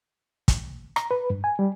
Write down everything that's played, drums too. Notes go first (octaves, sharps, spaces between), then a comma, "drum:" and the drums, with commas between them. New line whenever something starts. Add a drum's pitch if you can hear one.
drum: kick, hi-hat
A#5, drum: rim click
B4
G2
G#5
G3